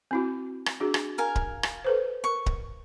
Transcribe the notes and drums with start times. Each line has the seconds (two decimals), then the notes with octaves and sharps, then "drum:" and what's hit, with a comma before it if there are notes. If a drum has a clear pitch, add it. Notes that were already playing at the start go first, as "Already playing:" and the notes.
0.11 C4 E4 F#4
0.66 drum: rim click
0.80 D4 F#4 G#4
0.94 drum: rim click
1.18 A#4 F5 G#5
1.36 drum: kick D1
1.63 drum: rim click
1.84 A4 B4 C5
2.24 A#4 C#6
2.46 drum: kick D1